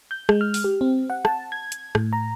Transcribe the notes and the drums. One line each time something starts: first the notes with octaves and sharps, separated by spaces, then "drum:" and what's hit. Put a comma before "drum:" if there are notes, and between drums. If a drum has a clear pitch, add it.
G6
G#3, drum: rim click
F6
drum: open hi-hat
G4
C4
F#5
A5, drum: rim click
G#6
drum: hi-hat
A2, drum: rim click
A#5